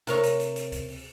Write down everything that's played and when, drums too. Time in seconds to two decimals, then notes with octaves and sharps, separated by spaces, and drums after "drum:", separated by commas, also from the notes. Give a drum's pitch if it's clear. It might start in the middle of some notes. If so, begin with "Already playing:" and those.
0.07 C3 A#4 C#5, drum: hi-hat
0.23 drum: hi-hat
0.40 drum: hi-hat
0.56 drum: hi-hat
0.72 drum: kick C#2, hi-hat
0.88 drum: open hi-hat